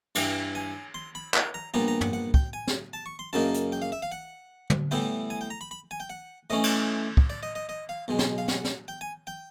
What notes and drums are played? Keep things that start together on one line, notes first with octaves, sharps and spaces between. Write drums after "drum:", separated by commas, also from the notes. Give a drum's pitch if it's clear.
G2 E3 G3 G5, drum: cymbal
G#5
C6
B5
A#5, drum: clap
A#5
A#1 A#2 G3 B3 D4 A#5
A#5
F#5, drum: tom
F#5
G5, drum: kick
G#5
drum: snare
A5
C#6
C6
F#2 C#3 F#3 A#3 D#4 A5
drum: hi-hat
G5
F5
E5
F5
F#5
drum: tom
A2 E3 G3 B3 E4 G5
G#5
G5
A#5
B5
B5
G#5
G5
F#5
A2 E3 A3 C#4 D#5
drum: cymbal
drum: kick
D5
D#5
D#5
D#5
F5
B1 B2 G#3
C6, drum: snare
F5
F#5, drum: snare
drum: snare
G5
G#5
G5